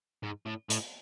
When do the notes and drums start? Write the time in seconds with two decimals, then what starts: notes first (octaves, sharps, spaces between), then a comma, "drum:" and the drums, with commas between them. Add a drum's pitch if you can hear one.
0.23 G#2
0.46 A2
0.70 A2, drum: hi-hat